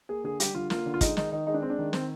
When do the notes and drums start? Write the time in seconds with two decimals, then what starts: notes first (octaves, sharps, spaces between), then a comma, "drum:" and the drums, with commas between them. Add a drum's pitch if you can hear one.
0.09 A#3 G#4
0.24 D3 G#4
0.40 G3 G4, drum: hi-hat
0.55 D3 F4
0.70 A#3 F4, drum: snare
0.86 D3
0.94 F4
1.01 G#3 D#4, drum: kick, hi-hat
1.17 D#3 D#4, drum: snare
1.32 D#3 D#4
1.47 G#3 D#4
1.54 D4
1.62 G#3 C4
1.70 D4
1.79 D#3
1.93 D#3 C4, drum: snare